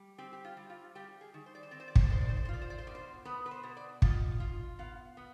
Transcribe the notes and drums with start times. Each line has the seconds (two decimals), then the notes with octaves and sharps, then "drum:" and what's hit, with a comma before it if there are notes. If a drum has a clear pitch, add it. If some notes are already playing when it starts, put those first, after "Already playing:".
Already playing: G3
0.18 C4 G4
0.33 G4
0.45 F4
0.57 G3
0.70 F4
0.95 G3 G4
1.21 G#4
1.34 D#3
1.46 C5
1.55 D5
1.63 C5
1.71 C4 D5
1.80 C5
1.88 D5
1.96 C5, drum: kick
2.04 D5
2.10 D#3 C5
2.21 D5
2.29 C5
2.37 D5
2.45 C5
2.49 F4
2.54 D5
2.62 C5
2.70 D5
2.78 C5
2.87 B2 D5
2.95 C5
3.25 B3 B4
3.46 B4
3.51 C5
3.63 B2
3.77 D5
4.02 F4 D#5, drum: kick
4.40 F4
4.79 B3 F5
5.17 B3